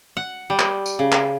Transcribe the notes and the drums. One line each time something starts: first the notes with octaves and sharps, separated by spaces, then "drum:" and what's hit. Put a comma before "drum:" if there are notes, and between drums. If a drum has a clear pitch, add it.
F#5
G3
drum: clap
drum: tambourine
C#3
drum: clap